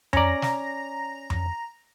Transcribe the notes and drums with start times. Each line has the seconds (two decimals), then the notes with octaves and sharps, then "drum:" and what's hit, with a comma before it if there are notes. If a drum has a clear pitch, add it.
0.13 C#4 D5 A#5 A#6, drum: tom F2
0.42 drum: snare
1.30 drum: tom F2